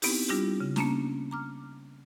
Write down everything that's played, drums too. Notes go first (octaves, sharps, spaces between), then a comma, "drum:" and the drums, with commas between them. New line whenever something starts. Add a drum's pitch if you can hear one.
B3 C4 D#4 E4 G4, drum: open hi-hat
G3 D4 E4 F4 G4
C#3
A#3 B3 C#4 D4 A5 A#5, drum: snare
A#5 D6 F6